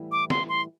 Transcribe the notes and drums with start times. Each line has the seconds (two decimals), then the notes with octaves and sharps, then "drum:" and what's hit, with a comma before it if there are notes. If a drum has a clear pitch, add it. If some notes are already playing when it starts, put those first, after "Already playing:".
Already playing: A2 E3 G3 B3 E4
0.12 D6
0.30 C6, drum: snare
0.49 C6